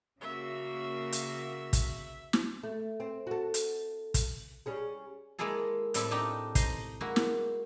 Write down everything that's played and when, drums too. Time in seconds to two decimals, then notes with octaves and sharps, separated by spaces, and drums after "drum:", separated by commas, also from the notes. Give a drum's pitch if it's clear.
0.21 C#3 A#3 F#4 E5
1.12 drum: hi-hat
1.73 drum: kick, hi-hat
2.33 drum: snare
2.63 A3
3.00 C4
3.27 F#4 A4
3.54 drum: hi-hat
4.14 drum: kick, hi-hat
4.66 G3 C#4 G#4
5.39 G#3 A#3 E4 G#4 A4
5.94 A2 G3 C4 E4 A4 E5, drum: hi-hat
6.11 A3 D4 D#4 G4
6.55 D#4 C5 D#5 C6, drum: kick, hi-hat
7.01 G#3 A#3 E4 F#4
7.16 drum: snare